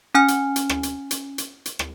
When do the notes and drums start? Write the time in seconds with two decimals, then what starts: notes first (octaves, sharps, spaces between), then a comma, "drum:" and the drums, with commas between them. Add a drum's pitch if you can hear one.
0.15 C#4 G#5 F6
0.28 drum: hi-hat
0.56 drum: hi-hat
0.69 drum: rim click
0.83 drum: hi-hat
1.11 drum: hi-hat
1.38 drum: hi-hat
1.65 drum: hi-hat
1.79 drum: rim click